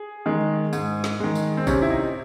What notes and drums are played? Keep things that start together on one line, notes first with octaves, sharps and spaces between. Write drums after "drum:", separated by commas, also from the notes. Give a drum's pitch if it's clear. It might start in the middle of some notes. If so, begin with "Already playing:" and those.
Already playing: G#4
D#3 G#3
G#2, drum: tambourine
drum: snare
D#3 G#3
drum: tambourine
C4
C3 C#4, drum: kick A1, tambourine
E4
D#4